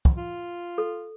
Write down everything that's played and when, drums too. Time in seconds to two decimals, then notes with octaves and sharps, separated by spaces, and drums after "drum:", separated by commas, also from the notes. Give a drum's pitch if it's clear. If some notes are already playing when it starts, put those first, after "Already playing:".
0.05 drum: kick
0.17 F4
0.78 A4